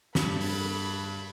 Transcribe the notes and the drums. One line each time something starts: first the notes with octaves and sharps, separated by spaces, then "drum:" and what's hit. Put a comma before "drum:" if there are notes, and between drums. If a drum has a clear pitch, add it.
G2 B5, drum: snare
drum: open hi-hat